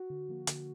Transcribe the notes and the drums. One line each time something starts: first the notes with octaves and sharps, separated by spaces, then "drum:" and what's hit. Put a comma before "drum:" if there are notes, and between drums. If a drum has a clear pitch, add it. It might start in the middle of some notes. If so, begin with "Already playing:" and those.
Already playing: F#4
D3
F3 A#3
D3, drum: hi-hat